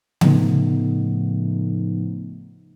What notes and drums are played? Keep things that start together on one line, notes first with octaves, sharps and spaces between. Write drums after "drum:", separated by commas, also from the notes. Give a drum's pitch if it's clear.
A2 C#3 F3 A3 B3 D#4, drum: tom C#3